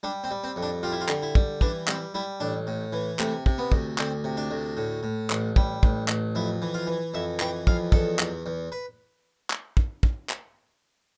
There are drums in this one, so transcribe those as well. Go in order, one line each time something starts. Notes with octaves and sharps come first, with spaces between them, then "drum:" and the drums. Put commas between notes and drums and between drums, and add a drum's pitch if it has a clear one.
G3 D4
C4
G3
C4
F2
D4
G3 F4
E4
F4
D3, drum: clap
E4
G3, drum: kick
E3 D4, drum: kick
G3 C4, drum: clap
G3 E4
A1 D4
A2
E3
C3 A3, drum: clap
C3, drum: kick
B3
D2, drum: kick
D2 C4, drum: clap
C3
D4
D2
A2
A2
A1, drum: clap
G3, drum: kick
A1, drum: kick
A1, drum: clap
F2 E4
E3
F4
E3
F2 E5
E3 G5, drum: clap
F2 F5, drum: kick
E2 A4, drum: kick
E2, drum: clap
E2
B4
drum: clap
drum: kick
drum: kick
drum: clap